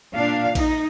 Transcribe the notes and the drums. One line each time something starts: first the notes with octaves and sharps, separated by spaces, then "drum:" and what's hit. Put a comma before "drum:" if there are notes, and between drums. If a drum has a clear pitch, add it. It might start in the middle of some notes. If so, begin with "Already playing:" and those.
A#2 D4 F5
D#4, drum: kick A#1, cymbal